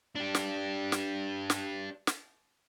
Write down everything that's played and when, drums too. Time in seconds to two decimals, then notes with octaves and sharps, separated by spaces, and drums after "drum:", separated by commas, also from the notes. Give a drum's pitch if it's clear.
0.15 D4 G4
0.35 drum: snare
0.92 drum: snare
1.50 drum: snare
2.07 drum: snare